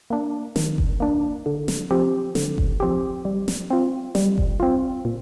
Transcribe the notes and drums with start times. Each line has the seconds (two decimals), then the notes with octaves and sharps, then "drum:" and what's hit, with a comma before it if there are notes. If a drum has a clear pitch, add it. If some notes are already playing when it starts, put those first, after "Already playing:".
0.10 A#3 D4
0.56 D#3, drum: snare
0.78 drum: kick F#1
1.00 A#3 D4
1.46 D3
1.68 drum: snare
1.91 F3 C4 G4
2.35 D3, drum: snare
2.58 drum: kick F#1
2.80 F3 C4 G4
3.25 G3
3.48 drum: snare
3.70 C4 F4
4.15 G3, drum: snare
4.38 drum: kick F#1
4.60 C4 F4
5.05 A#2